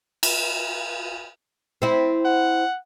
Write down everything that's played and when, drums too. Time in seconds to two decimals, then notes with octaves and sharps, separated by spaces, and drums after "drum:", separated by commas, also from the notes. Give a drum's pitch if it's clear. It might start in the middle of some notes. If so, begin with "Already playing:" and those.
0.23 drum: cymbal
1.82 C4 E4
2.25 F#5